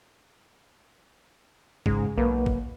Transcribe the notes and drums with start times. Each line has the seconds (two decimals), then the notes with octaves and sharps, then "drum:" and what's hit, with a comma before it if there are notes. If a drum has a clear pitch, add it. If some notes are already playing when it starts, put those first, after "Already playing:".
1.86 G#2 C#3 G#3, drum: kick
2.18 B1 A#3 B4
2.46 drum: kick